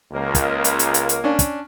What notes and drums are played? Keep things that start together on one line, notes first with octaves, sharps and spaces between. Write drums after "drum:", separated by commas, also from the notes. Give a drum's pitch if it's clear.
C#2 A#3
drum: kick, hi-hat
drum: hi-hat
drum: hi-hat
drum: hi-hat
drum: hi-hat
C#4 D4
drum: kick, hi-hat